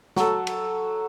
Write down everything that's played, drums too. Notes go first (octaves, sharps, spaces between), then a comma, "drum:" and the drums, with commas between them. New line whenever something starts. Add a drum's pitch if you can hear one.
F#3 A4, drum: snare
drum: cymbal